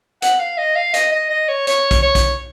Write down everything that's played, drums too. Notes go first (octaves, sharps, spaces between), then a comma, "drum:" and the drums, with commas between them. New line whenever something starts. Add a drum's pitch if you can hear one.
F#5, drum: hi-hat
F5
D#5
F5
D#5, drum: hi-hat
D#5
D#5
C#5
C#5, drum: hi-hat
drum: kick, hi-hat
C#5
drum: kick, hi-hat